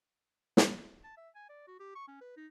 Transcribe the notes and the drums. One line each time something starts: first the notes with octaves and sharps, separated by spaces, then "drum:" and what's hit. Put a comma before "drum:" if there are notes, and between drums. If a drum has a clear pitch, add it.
drum: snare
A5
E5
G#5
D5
F#4
G4
C#6
C#4
B4
D#4